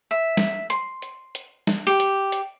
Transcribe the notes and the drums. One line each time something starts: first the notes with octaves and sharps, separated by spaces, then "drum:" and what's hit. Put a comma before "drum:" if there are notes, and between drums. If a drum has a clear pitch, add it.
E5
drum: snare
C6, drum: hi-hat
drum: hi-hat
drum: hi-hat
drum: snare
G4
drum: hi-hat
drum: hi-hat